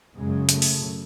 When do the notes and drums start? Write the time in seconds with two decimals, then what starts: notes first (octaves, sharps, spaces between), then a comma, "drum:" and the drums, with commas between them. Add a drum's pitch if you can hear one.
0.16 F#2 C#3 G#3
0.49 A3, drum: hi-hat
0.62 drum: open hi-hat